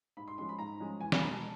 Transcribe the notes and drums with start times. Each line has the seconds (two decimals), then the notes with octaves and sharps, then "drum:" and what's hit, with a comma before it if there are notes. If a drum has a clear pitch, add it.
0.17 G#2 B5
0.28 C6
0.38 F3 G#3 C#4 C6
0.49 B5
0.59 G#2 A#5
0.80 F3 G#3 C#4
1.01 E2 G#5
1.12 G#5, drum: snare
1.17 B5
1.22 B2 G#3 A#5
1.33 A5